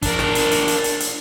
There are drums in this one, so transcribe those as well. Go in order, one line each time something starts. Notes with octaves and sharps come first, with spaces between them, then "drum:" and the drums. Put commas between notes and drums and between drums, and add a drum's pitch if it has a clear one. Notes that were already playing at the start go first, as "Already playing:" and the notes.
D4 A#4, drum: kick, hi-hat
drum: snare
drum: hi-hat
drum: hi-hat
drum: hi-hat
drum: hi-hat
drum: hi-hat